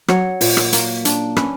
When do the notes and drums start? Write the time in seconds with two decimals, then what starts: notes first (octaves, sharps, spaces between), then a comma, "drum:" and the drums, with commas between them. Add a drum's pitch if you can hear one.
0.08 F#3 C#5, drum: rim click
0.41 A#2, drum: open hi-hat
0.57 drum: rim click
0.73 A#3, drum: hi-hat
1.05 D4, drum: hi-hat
1.37 C#4 B4, drum: rim click